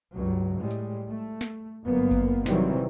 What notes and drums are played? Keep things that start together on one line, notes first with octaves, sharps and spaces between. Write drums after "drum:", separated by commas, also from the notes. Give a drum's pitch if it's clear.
C#2 G2 F#3
A2 G3 G#3
drum: tambourine
A3
drum: snare
G1 F#2 A#3 B3
drum: kick G#1, tambourine
C3 D#3 E3 F#3 G3 C4, drum: snare